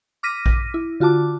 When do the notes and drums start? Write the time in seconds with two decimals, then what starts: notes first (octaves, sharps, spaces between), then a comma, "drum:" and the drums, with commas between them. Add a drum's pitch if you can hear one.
0.23 D6 F6 A#6 B6 D#7
0.46 drum: kick A#1
0.74 E4
1.00 D3 F4 F#4 A5 D6